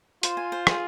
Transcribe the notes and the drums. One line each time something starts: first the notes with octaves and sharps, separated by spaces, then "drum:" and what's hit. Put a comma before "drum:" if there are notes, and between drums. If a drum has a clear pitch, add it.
F4 C5, drum: hi-hat
G#5
C5
G#4, drum: rim click